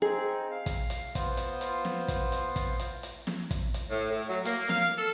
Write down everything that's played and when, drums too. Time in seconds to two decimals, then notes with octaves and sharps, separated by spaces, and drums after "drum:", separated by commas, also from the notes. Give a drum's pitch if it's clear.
0.02 C4 D#4 G#4
0.51 F5
0.66 drum: kick, hi-hat
0.90 drum: hi-hat
1.15 B3 F4 C5, drum: kick, hi-hat
1.37 drum: hi-hat
1.61 drum: hi-hat
1.85 drum: snare
2.08 drum: kick, hi-hat
2.32 drum: hi-hat
2.56 drum: kick, hi-hat
2.79 drum: hi-hat
3.03 drum: hi-hat
3.27 drum: snare
3.51 drum: kick, hi-hat
3.74 drum: hi-hat
3.90 A2
4.11 A2
4.29 F#3
4.45 A#3, drum: hi-hat
4.69 F5, drum: snare
4.98 A4